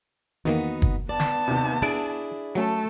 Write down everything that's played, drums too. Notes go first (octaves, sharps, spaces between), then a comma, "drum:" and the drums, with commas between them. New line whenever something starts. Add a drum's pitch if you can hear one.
E2 D#3 A#3 B3 D#4 F#4
drum: kick
B3 D5 A5
drum: snare
D#2 C3
D4 E4 G#4 A6 D7
F#3 A3 C#4 A4